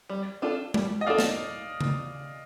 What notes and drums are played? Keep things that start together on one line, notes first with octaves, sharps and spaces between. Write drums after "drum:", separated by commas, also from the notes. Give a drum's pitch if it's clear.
G3
D4 F4 A4
G3, drum: tom G#3
D#5
D4 F4 A4 D5 F5
drum: snare
drum: tom C#3